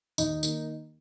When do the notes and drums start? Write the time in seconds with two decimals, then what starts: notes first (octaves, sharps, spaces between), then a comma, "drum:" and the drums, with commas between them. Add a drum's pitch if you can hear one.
0.18 D#2 D#4, drum: tambourine
0.43 D#3 A#3, drum: tambourine